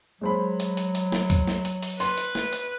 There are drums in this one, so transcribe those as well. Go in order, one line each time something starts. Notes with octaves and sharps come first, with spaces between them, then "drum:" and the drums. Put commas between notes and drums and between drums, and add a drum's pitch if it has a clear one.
F#3 G#3 C5 B5
drum: hi-hat
drum: hi-hat
drum: hi-hat
drum: snare
drum: kick C2, hi-hat
drum: snare
drum: hi-hat
drum: open hi-hat
B4 C6, drum: open hi-hat
drum: hi-hat
drum: snare
drum: hi-hat